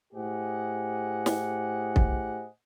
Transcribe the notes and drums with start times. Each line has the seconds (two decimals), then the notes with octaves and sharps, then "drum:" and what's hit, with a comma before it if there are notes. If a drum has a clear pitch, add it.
0.13 A2 G4 G#4 C5 D#5 F#5
1.26 drum: snare
1.96 drum: kick